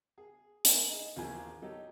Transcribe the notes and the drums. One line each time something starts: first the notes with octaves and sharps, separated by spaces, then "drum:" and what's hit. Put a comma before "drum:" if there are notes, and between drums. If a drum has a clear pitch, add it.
G#4
A#3 G#5, drum: hi-hat
D#4 G#4
A1 D#2 F3 F#4 G#4 G#5
F#3 D#4 G4 A4